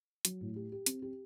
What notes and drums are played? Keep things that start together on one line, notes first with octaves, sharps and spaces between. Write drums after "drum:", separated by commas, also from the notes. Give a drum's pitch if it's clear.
F#3, drum: hi-hat
A2
G4
G4
C4, drum: hi-hat
G4